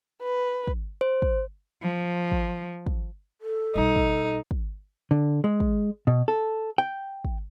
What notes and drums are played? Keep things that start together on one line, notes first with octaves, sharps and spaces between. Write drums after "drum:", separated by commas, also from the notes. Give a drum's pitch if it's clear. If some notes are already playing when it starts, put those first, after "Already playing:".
B4
drum: kick
C5
drum: kick
F3
drum: kick
drum: kick
A4
B1 G3 D#4
drum: kick
drum: kick
D3
G#3
drum: kick
B2
A4
G5
drum: kick